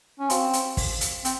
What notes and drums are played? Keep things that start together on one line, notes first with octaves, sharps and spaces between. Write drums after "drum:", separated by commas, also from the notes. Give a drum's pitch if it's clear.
C#4
C4 F#4 C5 F5 C6, drum: hi-hat
drum: hi-hat
drum: kick, open hi-hat
drum: hi-hat
C4, drum: hi-hat